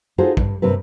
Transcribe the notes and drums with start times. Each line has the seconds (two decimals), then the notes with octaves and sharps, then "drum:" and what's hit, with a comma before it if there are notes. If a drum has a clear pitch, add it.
0.18 D#4 F4 F#4 G#4 A4 C5
0.37 G2, drum: kick
0.62 G2 C3 C4 A#4 B4